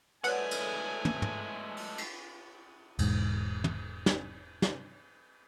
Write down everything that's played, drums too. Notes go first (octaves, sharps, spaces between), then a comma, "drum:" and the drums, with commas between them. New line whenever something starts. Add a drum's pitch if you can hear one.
G#3 A3 B4 C#5 D5 F#5 G#5, drum: cymbal
drum: cymbal
drum: tom
drum: tom
drum: open hi-hat
drum: cymbal
E1 G#2, drum: cymbal
drum: tom
drum: snare
drum: snare